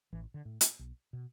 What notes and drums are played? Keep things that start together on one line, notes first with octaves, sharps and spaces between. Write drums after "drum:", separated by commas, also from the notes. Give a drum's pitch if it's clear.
A1 E3
D3
A2
drum: hi-hat
B1
B2